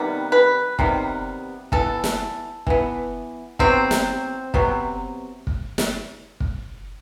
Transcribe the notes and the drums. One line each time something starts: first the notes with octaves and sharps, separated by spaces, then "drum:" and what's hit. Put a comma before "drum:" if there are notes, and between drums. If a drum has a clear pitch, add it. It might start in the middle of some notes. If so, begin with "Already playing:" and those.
Already playing: C3 D#3 G3 B3
B4
C3 D#3 G3 B3, drum: kick
E3 B3 A4, drum: kick
drum: snare
E3 B3, drum: kick
C3 F#3 B3 C4, drum: kick
drum: snare
C3 F#3 B3, drum: kick
drum: kick
drum: snare
drum: kick